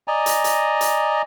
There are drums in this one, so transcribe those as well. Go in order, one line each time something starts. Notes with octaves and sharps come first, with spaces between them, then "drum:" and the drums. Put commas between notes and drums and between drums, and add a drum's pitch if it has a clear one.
D5 D#5 G#5 A#5
drum: hi-hat
drum: hi-hat
drum: hi-hat